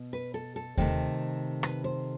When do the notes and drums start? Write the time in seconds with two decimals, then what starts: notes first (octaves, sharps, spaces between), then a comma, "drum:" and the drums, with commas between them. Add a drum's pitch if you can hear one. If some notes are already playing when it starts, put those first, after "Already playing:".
Already playing: B2
0.13 B4
0.34 A4
0.56 A4
0.77 C3 D#3 A3, drum: kick D#2
1.63 B4, drum: rim click
1.84 C5